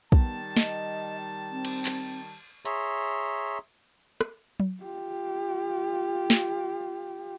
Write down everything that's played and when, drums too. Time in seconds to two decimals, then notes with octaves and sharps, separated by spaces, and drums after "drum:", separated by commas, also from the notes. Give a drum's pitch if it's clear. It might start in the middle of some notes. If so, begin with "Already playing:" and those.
0.12 D#3 G3 B3 A5, drum: kick
0.57 D#5, drum: snare
1.51 C4
1.65 drum: cymbal
1.85 drum: clap
2.65 G#4 C#5 E5 A#5 C6, drum: hi-hat
4.21 drum: rim click
4.60 drum: tom F#3
4.83 F4 G4
6.30 drum: snare